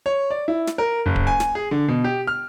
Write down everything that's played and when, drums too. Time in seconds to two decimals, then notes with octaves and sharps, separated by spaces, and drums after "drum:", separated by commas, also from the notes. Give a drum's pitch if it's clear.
0.06 C#5
0.31 D5
0.48 E4
0.67 drum: snare
0.78 A#4
1.06 F#1
1.16 drum: kick D1
1.27 G#5
1.40 drum: snare
1.55 G#4
1.71 D3
1.88 B2
2.04 G4
2.27 F6